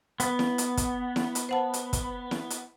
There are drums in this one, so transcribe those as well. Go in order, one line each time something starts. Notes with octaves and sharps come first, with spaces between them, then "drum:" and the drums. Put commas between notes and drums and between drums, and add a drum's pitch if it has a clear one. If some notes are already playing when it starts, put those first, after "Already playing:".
B3, drum: hi-hat
drum: snare E4
drum: hi-hat
drum: kick, hi-hat
drum: snare E4
drum: hi-hat
C5 F#5 A5
drum: hi-hat
drum: kick, hi-hat
drum: snare E4
drum: hi-hat